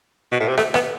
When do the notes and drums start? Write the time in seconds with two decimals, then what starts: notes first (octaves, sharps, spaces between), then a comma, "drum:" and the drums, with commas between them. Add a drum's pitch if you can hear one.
0.32 B2
0.40 A2
0.48 C3
0.57 A3, drum: rim click
0.74 B3, drum: rim click